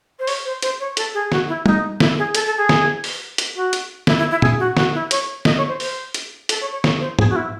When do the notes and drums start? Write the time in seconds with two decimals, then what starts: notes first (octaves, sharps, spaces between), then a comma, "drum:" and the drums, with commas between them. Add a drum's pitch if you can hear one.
0.19 C5
0.27 C#5, drum: open hi-hat
0.45 C5
0.62 C5, drum: hi-hat
0.80 C#5
0.97 A4, drum: hi-hat
1.14 G#4
1.32 F#4, drum: snare
1.48 E4
1.66 D#4, drum: tom
2.00 E4, drum: snare
2.18 G#4
2.35 A4, drum: hi-hat
2.46 A4
2.57 G#4
2.69 drum: snare
3.04 drum: open hi-hat
3.38 drum: hi-hat
3.56 F#4
3.73 drum: hi-hat
4.07 E4, drum: snare
4.18 E4
4.31 E4
4.42 G#4, drum: tom A#2
4.59 F#4
4.77 F#4, drum: snare
4.94 E4
5.11 C#5, drum: hi-hat
5.45 D#5, drum: snare
5.57 C#5
5.68 C5
5.80 C5, drum: open hi-hat
6.14 drum: hi-hat
6.49 A4, drum: hi-hat
6.61 C#5
6.72 C#5
6.84 C#5, drum: snare
7.01 C5
7.19 G#4, drum: tom
7.29 F#4
7.36 E4